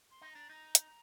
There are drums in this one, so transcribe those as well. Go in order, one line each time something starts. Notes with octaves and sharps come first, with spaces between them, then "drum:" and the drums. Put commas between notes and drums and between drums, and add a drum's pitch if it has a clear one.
C6
D#4
D4 A#5
D#4 A#5
drum: hi-hat